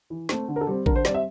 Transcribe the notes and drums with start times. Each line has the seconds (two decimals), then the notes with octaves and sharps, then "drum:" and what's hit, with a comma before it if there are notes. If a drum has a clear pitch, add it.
0.10 E3
0.29 A3 C4, drum: snare
0.48 D3
0.56 A#4
0.61 A4
0.67 G3 C4
0.86 D3 A#4, drum: kick A1
0.96 C5
1.05 G3 C4 D5, drum: snare
1.14 E5